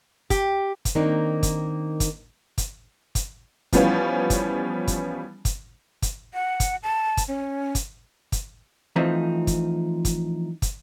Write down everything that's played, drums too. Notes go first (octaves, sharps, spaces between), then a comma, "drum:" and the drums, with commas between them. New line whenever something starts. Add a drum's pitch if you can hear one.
G4, drum: kick, hi-hat
drum: kick, hi-hat
D#3 A#3 C4 D4 D#4
drum: kick, hi-hat
drum: kick, hi-hat
drum: kick, hi-hat
drum: kick, hi-hat
E3 F3 G3 B3 C#4 F4, drum: kick, hi-hat
drum: kick, hi-hat
drum: kick, hi-hat
drum: kick, hi-hat
drum: kick, hi-hat
F#5
drum: kick, hi-hat
A5
drum: kick, hi-hat
C#4
drum: kick, hi-hat
drum: kick, hi-hat
E3 F3 A3 C4 D#4
drum: kick, hi-hat
drum: kick, hi-hat
drum: kick, hi-hat